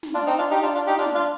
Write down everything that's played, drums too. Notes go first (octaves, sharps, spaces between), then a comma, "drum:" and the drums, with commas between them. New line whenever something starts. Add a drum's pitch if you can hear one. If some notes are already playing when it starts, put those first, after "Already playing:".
drum: snare
D4 F4
C4 D#4, drum: hi-hat
D4 F4
D#4 G4, drum: hi-hat
D4 F4
D4 F4, drum: hi-hat
D#4 G4
D4 F4, drum: snare
D4 F4